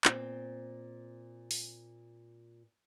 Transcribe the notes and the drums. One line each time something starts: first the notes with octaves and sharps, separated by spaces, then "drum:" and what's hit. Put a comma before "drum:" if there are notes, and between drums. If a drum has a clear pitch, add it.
A#2 C4, drum: clap
drum: open hi-hat